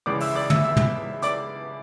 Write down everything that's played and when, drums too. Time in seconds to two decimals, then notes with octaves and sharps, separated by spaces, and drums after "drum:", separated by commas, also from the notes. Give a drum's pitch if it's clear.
0.06 C#2 C#3 E3 G#3 D5 D6
0.20 E5 E6, drum: open hi-hat
0.36 D5 D6
0.50 E5 E6, drum: tom
0.64 E5 E6
0.77 drum: tom
1.22 D5 D6, drum: hi-hat